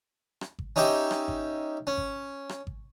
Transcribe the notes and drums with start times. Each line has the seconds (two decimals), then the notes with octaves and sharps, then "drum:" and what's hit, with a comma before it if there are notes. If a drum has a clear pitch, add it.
0.41 drum: rim click
0.59 drum: kick G#1
0.76 C#4 D#4 G4 E5 G5
1.11 drum: rim click
1.28 drum: kick G#1
1.87 C#4
1.97 drum: kick G#1
2.49 drum: rim click
2.67 drum: kick G#1